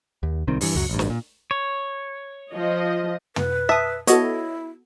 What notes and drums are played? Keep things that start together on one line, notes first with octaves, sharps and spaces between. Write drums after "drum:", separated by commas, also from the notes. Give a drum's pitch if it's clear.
D#2
D1 C2 D#3 C4
G2 E3, drum: open hi-hat
C#2 F#2 F#3
A1 G2
drum: snare
A#2
C#5
F3 D#5
B4, drum: tom
E5 A5 D#6
B3 E4 F#4 A4 C#5 D#5, drum: hi-hat